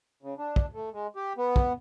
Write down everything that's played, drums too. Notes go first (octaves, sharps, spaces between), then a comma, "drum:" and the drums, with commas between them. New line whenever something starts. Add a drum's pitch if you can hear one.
C#3
D4
drum: kick
A3
G#3
G4
B3
drum: kick